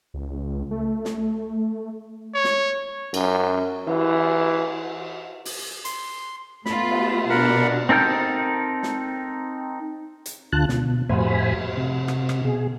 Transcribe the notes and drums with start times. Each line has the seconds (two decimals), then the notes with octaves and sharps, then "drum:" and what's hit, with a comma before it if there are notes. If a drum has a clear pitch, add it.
0.14 C#2
0.71 A3
1.05 drum: snare
2.34 C#5
2.44 drum: snare
3.14 F#2, drum: cymbal
3.87 E3, drum: cymbal
5.45 drum: open hi-hat
5.85 C6, drum: hi-hat
6.66 A3 B3 F4 B5, drum: snare
6.91 drum: cymbal
7.30 B2 D4 A#4 F#5 B5
7.89 C4 D#4 A4 A#4 G6
8.83 drum: snare
10.26 drum: hi-hat
10.52 D2 D3 F4 A5 F#6
10.69 B2, drum: snare
11.09 F2 A2 C5 G#5 B5, drum: cymbal
11.77 C3
12.08 drum: rim click
12.29 drum: rim click
12.45 B2 G#4